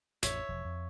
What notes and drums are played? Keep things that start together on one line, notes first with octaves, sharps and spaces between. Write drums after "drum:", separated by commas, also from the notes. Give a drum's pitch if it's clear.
A1 F2 C#5 E5, drum: hi-hat
E1 F3
F2